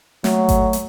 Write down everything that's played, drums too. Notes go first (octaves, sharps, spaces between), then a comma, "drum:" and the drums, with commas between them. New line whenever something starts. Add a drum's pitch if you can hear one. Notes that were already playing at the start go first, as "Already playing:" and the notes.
F#3 A3, drum: snare
drum: kick G#1, hi-hat
drum: hi-hat